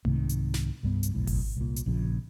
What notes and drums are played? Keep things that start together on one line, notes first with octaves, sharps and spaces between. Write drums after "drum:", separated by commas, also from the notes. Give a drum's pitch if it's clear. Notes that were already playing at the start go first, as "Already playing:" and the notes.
C2 G#2 C3 D#3, drum: tom A3
drum: hi-hat
drum: snare
C2 G2 B3
drum: hi-hat
E1 B1 A2
drum: kick G#1, open hi-hat
C2 A#2
drum: hi-hat
A#1 A#2 C#3 F3